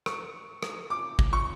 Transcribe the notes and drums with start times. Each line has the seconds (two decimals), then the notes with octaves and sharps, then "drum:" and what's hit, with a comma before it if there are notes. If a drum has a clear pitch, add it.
0.06 C#6, drum: rim click
0.63 drum: rim click
0.90 D6
1.19 drum: kick G#1
1.33 C#6